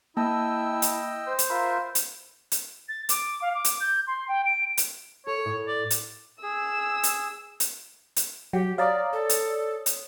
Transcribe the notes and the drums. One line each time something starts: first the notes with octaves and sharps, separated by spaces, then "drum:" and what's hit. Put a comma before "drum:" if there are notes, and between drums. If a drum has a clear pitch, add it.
A#3 E4 D#5 G5 A5 E6
drum: hi-hat
C5
drum: hi-hat
F4 A#4 E5 B5
drum: hi-hat
drum: hi-hat
A6
D6, drum: hi-hat
F5
D6
drum: hi-hat
G6
C6
G5
D7
drum: hi-hat
A4 C#5
A2
D5
drum: hi-hat
G#4 E6
drum: hi-hat
drum: hi-hat
drum: hi-hat
F#3 G4 F#5 G5
C#5 D5 F5 A#5 D6 D#6 A6
A4 D5
drum: hi-hat
drum: hi-hat